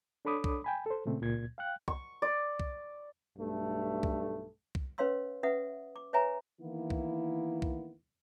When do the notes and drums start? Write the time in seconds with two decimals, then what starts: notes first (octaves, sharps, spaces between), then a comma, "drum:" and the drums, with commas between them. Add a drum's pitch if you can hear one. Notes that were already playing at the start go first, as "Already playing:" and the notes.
0.25 D4 A4 C#5 B5 D6 D#6
0.44 drum: kick C2
0.64 G5 G#5 B5
0.86 A4 C5
1.06 A#2 C#3 A3 C4
1.21 C#2 A#2 G#6
1.58 F5 G5 F#6
1.88 C#6, drum: kick C2
2.22 D5
2.60 drum: kick C2
3.38 B1 G2 A3
4.03 drum: kick C2
4.75 drum: kick C2
4.98 C#4 B4 C#5 F5 C6 E6
5.43 C#4 B4 E5 F#5 D#6
5.96 D6
6.13 B4 C#5 E5 G#5 A#5
6.60 D#3 E3 A#3 B3 E4
6.90 drum: kick C2
7.62 drum: kick C2